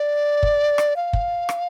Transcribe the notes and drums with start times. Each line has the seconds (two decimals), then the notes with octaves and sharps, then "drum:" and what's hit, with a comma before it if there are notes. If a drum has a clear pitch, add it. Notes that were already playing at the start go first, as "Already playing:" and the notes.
Already playing: D5
0.43 drum: kick
0.78 drum: rim click
0.96 F5
1.13 drum: kick
1.49 drum: rim click